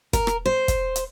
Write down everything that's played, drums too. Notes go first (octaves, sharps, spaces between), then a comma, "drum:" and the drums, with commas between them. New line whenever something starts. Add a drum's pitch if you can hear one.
A#4, drum: kick, hi-hat
drum: rim click
C5
drum: kick, hi-hat
drum: hi-hat